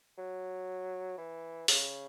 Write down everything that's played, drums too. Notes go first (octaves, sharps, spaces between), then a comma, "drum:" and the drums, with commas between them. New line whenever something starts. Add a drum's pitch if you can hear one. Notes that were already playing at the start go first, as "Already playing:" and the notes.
F#3
E3
C#3, drum: open hi-hat